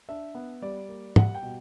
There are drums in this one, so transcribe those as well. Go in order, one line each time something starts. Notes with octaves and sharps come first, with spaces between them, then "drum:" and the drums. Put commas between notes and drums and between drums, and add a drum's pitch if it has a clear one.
D4 E5
B3
G3 D5
A#3
G3 F#5, drum: tom
G5
B2